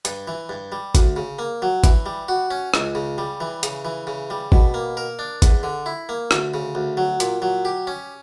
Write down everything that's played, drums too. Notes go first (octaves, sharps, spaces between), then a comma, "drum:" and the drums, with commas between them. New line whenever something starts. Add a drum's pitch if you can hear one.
G2, drum: hi-hat
E3
G2
G3
D2, drum: kick G#1, hi-hat
C#3
A#3
F#3
E3, drum: kick G#1, hi-hat
G3
F#4
C#4
C#2, drum: rim click
C#3
G3
E3
C#3, drum: hi-hat
E3
C#3
G3
B2, drum: kick G#1
A#3
A#4
D4
E2, drum: kick G#1, hi-hat
D3
E4
A#3
D2, drum: rim click
C#3
D2
F#3
A#2, drum: hi-hat
F#3
G4
C#4